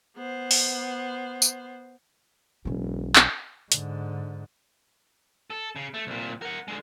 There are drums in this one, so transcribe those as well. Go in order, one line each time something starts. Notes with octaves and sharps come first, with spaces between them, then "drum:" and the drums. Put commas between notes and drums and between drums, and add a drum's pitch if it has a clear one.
B3 C5
drum: open hi-hat
drum: tambourine
E1 B1 C#4
drum: clap
G#2 D3, drum: hi-hat
A4
C#3
A3
C2 A#2
A#4 F#5
D3 G#3